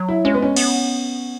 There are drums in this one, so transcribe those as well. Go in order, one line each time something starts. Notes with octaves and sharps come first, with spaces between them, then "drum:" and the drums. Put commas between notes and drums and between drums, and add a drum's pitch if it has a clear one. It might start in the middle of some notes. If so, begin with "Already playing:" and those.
Already playing: F#3
E4
G#3 C#4
B3
C#4
B3, drum: cymbal